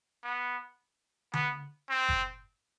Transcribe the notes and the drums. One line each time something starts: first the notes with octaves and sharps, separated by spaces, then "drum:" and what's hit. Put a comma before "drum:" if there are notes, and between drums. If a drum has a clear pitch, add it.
B3
B3, drum: tom D3
C4
drum: kick F#1